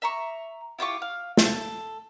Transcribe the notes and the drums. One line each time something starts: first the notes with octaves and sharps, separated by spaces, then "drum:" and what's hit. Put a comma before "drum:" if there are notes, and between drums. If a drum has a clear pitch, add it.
E5 A#5 C#6
E4 F4 G4 C#6
F5
A4, drum: snare